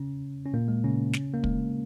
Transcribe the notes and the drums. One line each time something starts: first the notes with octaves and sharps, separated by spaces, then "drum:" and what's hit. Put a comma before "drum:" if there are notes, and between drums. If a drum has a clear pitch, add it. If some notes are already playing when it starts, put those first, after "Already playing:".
Already playing: C#3 C#4
C#4
A#2 A#3
G#3
C#3 C#4
drum: snare
A#3
G#3, drum: kick